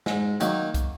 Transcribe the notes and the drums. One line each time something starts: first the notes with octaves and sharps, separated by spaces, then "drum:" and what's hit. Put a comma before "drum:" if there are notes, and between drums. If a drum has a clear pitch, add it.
G#2, drum: snare
D#3 F#3 A#3 D#4, drum: hi-hat
drum: kick, hi-hat